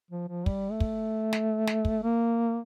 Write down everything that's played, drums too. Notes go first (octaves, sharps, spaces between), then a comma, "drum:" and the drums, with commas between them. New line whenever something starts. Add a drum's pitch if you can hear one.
F3
F3
G3, drum: kick
A3
drum: kick
drum: snare
drum: snare
drum: kick
A#3